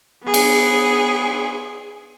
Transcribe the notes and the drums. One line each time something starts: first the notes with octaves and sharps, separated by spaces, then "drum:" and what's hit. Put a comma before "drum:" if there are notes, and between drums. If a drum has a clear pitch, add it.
B3 G#4
drum: cymbal